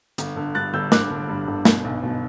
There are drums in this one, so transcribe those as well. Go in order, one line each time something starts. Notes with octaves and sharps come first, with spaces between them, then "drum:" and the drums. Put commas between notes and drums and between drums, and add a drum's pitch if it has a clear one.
G1, drum: hi-hat
D3
G2 F#6 A6
G1 E6 G6
G1 D6 F#6, drum: snare
D3
G2
G1
B2, drum: snare
B1
B2